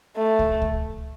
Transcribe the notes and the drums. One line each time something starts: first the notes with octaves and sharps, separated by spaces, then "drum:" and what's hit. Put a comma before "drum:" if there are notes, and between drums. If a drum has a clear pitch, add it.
A3
drum: kick
drum: kick